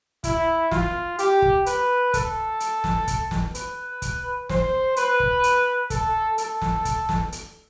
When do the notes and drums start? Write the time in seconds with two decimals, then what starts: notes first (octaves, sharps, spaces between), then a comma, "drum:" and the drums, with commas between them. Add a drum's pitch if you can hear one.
0.24 E4, drum: kick, hi-hat
0.71 F4, drum: snare
1.19 G4, drum: hi-hat
1.42 drum: kick
1.66 B4, drum: hi-hat
2.14 A4, drum: kick, hi-hat
2.60 drum: hi-hat
2.84 drum: snare
3.07 drum: kick, hi-hat
3.31 drum: snare
3.55 B4, drum: hi-hat
4.02 drum: kick, hi-hat
4.49 C5, drum: snare
4.96 B4, drum: hi-hat
5.20 drum: kick
5.44 drum: hi-hat
5.90 A4, drum: kick, hi-hat
6.38 A4, drum: hi-hat
6.62 drum: snare
6.85 drum: kick, hi-hat
7.09 drum: snare
7.32 drum: hi-hat